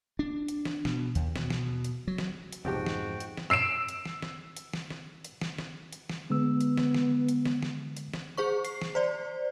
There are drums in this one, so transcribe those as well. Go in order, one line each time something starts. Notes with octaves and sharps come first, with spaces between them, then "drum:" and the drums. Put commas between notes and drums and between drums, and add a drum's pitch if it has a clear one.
D4
drum: hi-hat
drum: snare
B2, drum: snare
D#2, drum: hi-hat
B2, drum: snare
drum: snare
drum: hi-hat
F#3
drum: snare
drum: hi-hat
B1 F2 G#2 C3 F#4 G4 G5
drum: snare
drum: hi-hat
drum: snare
E6 C7 D7 E7
drum: hi-hat
drum: snare
drum: snare
drum: hi-hat
drum: snare
drum: snare
drum: hi-hat
drum: snare
drum: snare
drum: hi-hat
drum: snare
D3 G#3 B3 E6
drum: hi-hat
drum: snare
drum: snare
drum: hi-hat
drum: snare
drum: snare
drum: hi-hat
drum: snare
G#4 C5 C#6
C7, drum: hi-hat
drum: snare
C5 D5